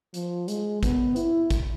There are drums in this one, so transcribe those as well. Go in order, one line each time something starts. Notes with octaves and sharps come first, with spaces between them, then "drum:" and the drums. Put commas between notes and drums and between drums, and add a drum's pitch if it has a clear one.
F3, drum: hi-hat
G#3, drum: hi-hat
B3, drum: kick, hi-hat
E4, drum: hi-hat
drum: kick, hi-hat